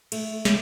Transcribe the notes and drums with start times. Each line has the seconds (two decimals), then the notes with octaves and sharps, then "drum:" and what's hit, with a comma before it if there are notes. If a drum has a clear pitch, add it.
0.12 A3, drum: cymbal
0.45 drum: snare